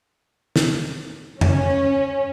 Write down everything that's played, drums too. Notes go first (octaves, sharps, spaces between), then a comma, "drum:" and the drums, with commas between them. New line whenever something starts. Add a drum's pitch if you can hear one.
drum: snare
C#4, drum: tom F2